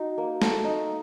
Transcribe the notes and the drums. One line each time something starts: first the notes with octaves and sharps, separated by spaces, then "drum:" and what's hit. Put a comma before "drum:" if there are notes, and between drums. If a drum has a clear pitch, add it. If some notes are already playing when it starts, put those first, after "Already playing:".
Already playing: D#4 F#4
A#3
A3, drum: snare
D#4